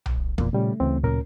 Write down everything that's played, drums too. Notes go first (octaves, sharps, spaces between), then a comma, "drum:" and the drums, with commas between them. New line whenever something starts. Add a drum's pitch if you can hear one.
drum: tom B1
D1
F#1 E2 A#2 A#3, drum: kick
A#2 C#3 G3 A3 C#4
D2 C#3 E3 C4
A#2 C#3 F#3 C#4 A#4